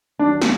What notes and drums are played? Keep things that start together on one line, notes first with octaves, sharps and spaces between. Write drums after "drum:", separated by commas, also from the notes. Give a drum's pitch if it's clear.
D#2 D#3 F#3 D4
drum: snare